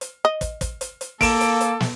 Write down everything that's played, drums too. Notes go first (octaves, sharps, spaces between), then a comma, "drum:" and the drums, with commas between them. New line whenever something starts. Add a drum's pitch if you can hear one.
drum: hi-hat
D#5
drum: kick, hi-hat
drum: kick, hi-hat
drum: hi-hat
drum: hi-hat
A#3 A4 D7 E7, drum: kick, open hi-hat
drum: hi-hat
drum: hi-hat
drum: snare